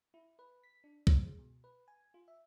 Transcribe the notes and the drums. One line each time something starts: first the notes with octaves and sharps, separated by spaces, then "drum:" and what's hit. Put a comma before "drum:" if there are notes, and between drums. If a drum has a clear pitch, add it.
E4
B4
B6
D4
C5, drum: kick C2
G#3
B2
B4
G#5
F4
E5